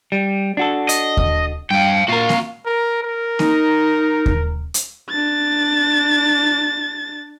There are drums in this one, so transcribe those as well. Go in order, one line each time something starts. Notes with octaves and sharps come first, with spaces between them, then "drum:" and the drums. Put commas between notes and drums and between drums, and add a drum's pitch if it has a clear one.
G3
D4 F#4 A4
D#5, drum: hi-hat
drum: kick D#2
G2 F5 G5
A#2 F#4 A#4 F5
drum: snare A#3
A#4
A#4
D#4, drum: snare A#3
drum: kick D#2
drum: hi-hat
D4 A6